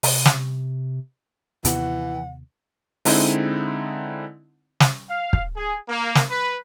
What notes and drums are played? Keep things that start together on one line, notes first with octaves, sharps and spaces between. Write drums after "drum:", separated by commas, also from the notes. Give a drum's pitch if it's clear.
C3, drum: open hi-hat
drum: snare
D#2 C3 E3 B3 F#5, drum: hi-hat
D3 G#3 C4 D#4 E4, drum: open hi-hat
drum: snare
F5
drum: kick
G#4
A#3
drum: snare
B4